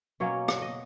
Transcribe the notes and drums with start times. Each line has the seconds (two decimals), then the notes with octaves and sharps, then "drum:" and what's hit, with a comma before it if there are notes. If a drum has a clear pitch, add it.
0.20 B2 F#3 A#3 C#4 C#5
0.48 drum: rim click
0.62 D#5